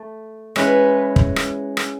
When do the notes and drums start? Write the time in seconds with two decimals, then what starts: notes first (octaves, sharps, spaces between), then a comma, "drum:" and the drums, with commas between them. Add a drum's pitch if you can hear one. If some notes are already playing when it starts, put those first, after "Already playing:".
Already playing: A3
0.56 G#3 C#4 E4 B4, drum: rim click
1.16 drum: kick
1.36 drum: rim click
1.77 drum: rim click